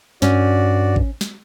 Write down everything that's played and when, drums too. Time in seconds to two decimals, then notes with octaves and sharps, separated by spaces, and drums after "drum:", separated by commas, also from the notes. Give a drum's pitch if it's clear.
0.22 G2 C#4 F#4 D5, drum: snare
0.96 drum: kick A1
1.21 drum: snare